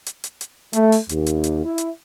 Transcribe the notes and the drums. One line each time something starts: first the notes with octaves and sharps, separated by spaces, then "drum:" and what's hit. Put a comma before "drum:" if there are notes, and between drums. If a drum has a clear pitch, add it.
drum: hi-hat
drum: hi-hat
drum: hi-hat
A3, drum: hi-hat
drum: open hi-hat
D#2, drum: hi-hat
drum: hi-hat
drum: hi-hat
E4
drum: hi-hat